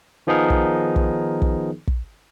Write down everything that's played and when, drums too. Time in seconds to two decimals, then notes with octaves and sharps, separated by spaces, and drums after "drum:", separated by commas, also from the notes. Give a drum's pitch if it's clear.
0.27 D#3 F3 B3 D#4 G#4 A#4
0.50 drum: kick
0.96 drum: kick
1.42 drum: kick
1.87 drum: kick